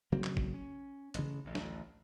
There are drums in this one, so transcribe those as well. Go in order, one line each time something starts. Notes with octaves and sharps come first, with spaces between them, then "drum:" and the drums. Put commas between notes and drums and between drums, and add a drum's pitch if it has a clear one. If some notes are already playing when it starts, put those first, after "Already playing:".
C#3 F#3 A#3 C4
drum: clap
drum: kick
C#4
A1 C#3, drum: hi-hat
A1 D2
drum: snare